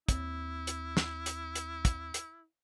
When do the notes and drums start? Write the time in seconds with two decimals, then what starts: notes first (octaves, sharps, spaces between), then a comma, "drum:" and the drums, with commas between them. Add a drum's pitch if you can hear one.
0.09 D#2 C4 E4, drum: kick, hi-hat
0.67 drum: hi-hat
0.97 drum: snare
1.26 drum: hi-hat
1.55 drum: hi-hat
1.85 drum: kick, hi-hat
2.14 drum: hi-hat